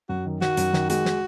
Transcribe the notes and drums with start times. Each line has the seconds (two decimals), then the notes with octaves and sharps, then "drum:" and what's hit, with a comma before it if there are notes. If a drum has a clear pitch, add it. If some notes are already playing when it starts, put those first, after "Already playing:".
0.09 F#2 F#4
0.25 D#3
0.41 D#3 F#4, drum: snare
0.57 F#2, drum: hi-hat
0.73 D#3, drum: snare
0.90 G#3 F#4, drum: hi-hat
1.05 drum: snare